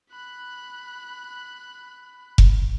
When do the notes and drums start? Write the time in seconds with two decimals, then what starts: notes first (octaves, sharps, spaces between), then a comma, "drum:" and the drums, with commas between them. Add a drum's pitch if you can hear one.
0.10 B5 F#6
2.38 drum: kick F1